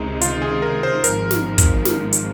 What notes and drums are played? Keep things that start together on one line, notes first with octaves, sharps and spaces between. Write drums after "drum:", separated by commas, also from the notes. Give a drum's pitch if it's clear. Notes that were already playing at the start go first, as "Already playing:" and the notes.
Already playing: C#2 C3 D#3 G#3 D#4
F4, drum: hi-hat
G#4
A#4
C5
G#1 G#2 F3 A#4, drum: hi-hat
drum: snare
drum: kick, hi-hat
drum: snare
drum: hi-hat